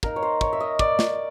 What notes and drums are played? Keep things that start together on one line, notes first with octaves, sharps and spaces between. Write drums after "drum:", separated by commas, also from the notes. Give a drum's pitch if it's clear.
A#3 D#4 A#4, drum: kick
C#5
C5
C#5, drum: kick
E5
D#5
D5, drum: kick
drum: snare